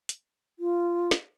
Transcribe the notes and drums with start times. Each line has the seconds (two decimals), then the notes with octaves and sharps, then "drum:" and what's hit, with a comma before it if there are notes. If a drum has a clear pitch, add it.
0.09 drum: hi-hat
0.59 F4
1.11 drum: snare